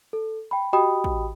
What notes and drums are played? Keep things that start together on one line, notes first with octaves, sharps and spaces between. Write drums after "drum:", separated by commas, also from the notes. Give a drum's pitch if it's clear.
A4
G5 B5
F#4 G4 D#5 G5 B5 D#6
drum: kick